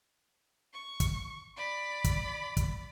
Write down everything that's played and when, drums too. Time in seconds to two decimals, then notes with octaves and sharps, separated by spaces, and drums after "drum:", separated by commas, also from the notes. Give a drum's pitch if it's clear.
0.74 C#6
1.00 drum: kick, hi-hat
1.57 D5 B5
2.04 drum: kick, hi-hat
2.57 drum: kick, hi-hat